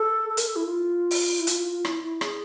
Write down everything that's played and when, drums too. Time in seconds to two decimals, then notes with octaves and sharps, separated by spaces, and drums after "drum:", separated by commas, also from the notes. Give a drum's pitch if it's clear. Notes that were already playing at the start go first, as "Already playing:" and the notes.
Already playing: A4
0.29 A4
0.37 A#4, drum: hi-hat
0.47 A4
0.56 E4
0.65 F4
1.11 drum: open hi-hat
1.39 E4
1.47 F4, drum: hi-hat
1.59 F4
1.72 F4
1.85 E4, drum: rim click
2.03 E4
2.21 G#4, drum: rim click